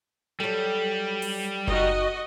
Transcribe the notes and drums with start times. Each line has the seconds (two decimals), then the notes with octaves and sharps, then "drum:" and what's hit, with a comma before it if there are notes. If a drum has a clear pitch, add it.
0.40 F#3 G3 A4
1.22 drum: open hi-hat
1.67 D#4 F#4 D#5, drum: kick F#1